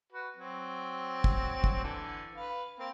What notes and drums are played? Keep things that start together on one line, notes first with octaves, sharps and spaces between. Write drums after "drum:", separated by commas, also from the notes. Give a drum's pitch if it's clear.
F#4 B4
F#3 C4
drum: kick
drum: kick
D3 E3
B4 F5
A#3 C4 F5